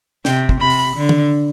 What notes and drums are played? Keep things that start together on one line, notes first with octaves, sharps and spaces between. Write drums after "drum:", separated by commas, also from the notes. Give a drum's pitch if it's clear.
C3 G5, drum: snare
drum: kick
C3 B5
drum: open hi-hat
D3
drum: tom